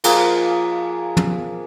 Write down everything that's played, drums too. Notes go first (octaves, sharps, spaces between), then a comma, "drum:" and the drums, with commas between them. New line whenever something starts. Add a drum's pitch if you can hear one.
F3 A#3 G#4 F5, drum: cymbal
drum: tom